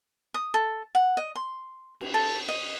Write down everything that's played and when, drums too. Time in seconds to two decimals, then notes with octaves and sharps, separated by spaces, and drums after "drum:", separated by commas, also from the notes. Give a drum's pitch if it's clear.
0.34 D#6
0.54 A4
0.95 F#5
1.17 D#5
1.36 C6
2.01 drum: cymbal
2.14 A4
2.49 D#5